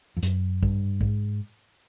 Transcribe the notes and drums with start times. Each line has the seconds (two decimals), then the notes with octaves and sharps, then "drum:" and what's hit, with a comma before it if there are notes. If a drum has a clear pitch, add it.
0.17 F2
0.23 F#2, drum: hi-hat
0.63 G2, drum: kick
1.01 G#2, drum: kick